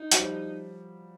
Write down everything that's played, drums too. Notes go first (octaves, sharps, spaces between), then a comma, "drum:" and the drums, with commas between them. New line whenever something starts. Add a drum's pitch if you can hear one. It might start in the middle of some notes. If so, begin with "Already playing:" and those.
Already playing: D#4
F#3, drum: hi-hat
F3 G3